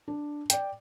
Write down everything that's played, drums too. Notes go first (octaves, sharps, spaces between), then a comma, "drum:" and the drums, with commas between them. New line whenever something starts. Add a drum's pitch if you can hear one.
D4
D5 G5, drum: hi-hat